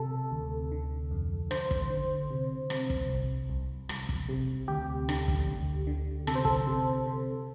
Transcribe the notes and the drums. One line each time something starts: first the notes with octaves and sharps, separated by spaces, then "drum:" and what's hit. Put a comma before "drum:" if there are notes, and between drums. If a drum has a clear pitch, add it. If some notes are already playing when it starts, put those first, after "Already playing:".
Already playing: C3 A4
D2
D3
F2
D3 C5, drum: rim click
drum: kick
D3
C3
C3, drum: rim click
drum: kick
C2
C2
C2, drum: rim click
drum: kick
C3
D2 G4
D3, drum: rim click
drum: kick
D2
D3
C3 A4, drum: rim click
C5
A4, drum: kick
C3
C3